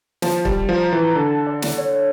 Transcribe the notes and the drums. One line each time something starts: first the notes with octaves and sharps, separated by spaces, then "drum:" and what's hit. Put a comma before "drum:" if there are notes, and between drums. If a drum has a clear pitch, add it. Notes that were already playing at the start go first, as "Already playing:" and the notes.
F3 A5, drum: snare
G3, drum: kick
F3 A#5
E3
A#5
D3 A5
D5
drum: snare
C#5